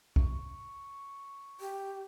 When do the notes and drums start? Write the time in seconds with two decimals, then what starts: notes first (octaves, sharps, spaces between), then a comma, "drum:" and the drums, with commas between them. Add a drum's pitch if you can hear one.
0.16 C#6, drum: kick B1
1.60 G4